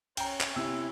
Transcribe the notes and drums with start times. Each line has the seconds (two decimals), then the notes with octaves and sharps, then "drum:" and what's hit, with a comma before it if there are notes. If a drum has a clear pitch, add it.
0.17 C#4 C#5 G5 A#5, drum: cymbal
0.41 drum: clap
0.56 C3 E4 E6